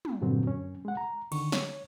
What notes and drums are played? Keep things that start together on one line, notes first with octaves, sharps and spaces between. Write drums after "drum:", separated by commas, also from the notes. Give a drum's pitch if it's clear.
drum: tom
G2 A#2 D3 F#3 C4
F#2 C#4
G#3 F#5
A#5
D3 D#3 C#6, drum: cymbal
C#5, drum: snare